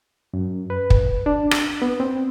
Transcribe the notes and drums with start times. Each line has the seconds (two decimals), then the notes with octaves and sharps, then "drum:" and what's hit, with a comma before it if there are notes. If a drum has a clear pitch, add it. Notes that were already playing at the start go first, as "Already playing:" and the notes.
0.33 F#2
0.70 B4
0.90 drum: kick
1.26 D4
1.51 drum: rim click
1.82 B3
2.00 C4